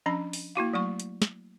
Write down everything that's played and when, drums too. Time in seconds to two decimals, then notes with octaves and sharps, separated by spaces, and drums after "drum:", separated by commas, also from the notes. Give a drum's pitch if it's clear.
0.06 F3 C#4 D4 A#5 B5
0.33 drum: open hi-hat
0.55 A#3 E4 F#4 F5
0.73 F#3 A3 C#6
1.00 drum: hi-hat
1.22 drum: snare